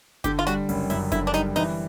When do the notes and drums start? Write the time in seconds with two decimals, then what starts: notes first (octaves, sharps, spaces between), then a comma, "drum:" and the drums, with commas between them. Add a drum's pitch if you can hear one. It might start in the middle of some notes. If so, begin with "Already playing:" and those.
0.24 D3 G4, drum: kick F#1, hi-hat
0.39 F4
0.47 G3 F#4, drum: snare
0.69 F#1, drum: open hi-hat
0.90 F#2 E4, drum: open hi-hat
1.12 D3 E4, drum: kick F#1, hi-hat
1.27 D4
1.33 G3 D#4, drum: snare
1.56 E3 D#4, drum: open hi-hat